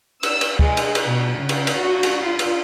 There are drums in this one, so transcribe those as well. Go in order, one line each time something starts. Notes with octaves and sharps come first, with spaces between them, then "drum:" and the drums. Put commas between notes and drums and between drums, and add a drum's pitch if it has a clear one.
E6, drum: cymbal
drum: cymbal
G#3, drum: kick
drum: cymbal
drum: cymbal
B2
C#3
drum: cymbal
drum: cymbal
F#4
drum: cymbal
F4
drum: cymbal